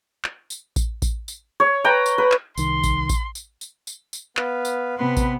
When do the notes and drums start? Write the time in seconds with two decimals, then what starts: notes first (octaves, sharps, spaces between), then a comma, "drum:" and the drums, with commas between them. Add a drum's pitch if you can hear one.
0.24 drum: clap
0.50 drum: tambourine
0.76 drum: kick A1, tambourine
1.02 drum: kick A1, tambourine
1.28 drum: tambourine
1.60 C#5
1.84 B4 G5 A#5
2.06 drum: tambourine
2.18 B4
2.32 drum: clap
2.58 C2 D#3 C6, drum: tambourine
2.83 drum: kick A1, tambourine
3.09 drum: kick A1, tambourine
3.35 drum: tambourine
3.61 drum: tambourine
3.87 drum: tambourine
4.13 drum: tambourine
4.37 B3 B4 F5, drum: clap
4.65 drum: tambourine
4.98 C3 B3 B4 C6
5.17 drum: kick A1, tambourine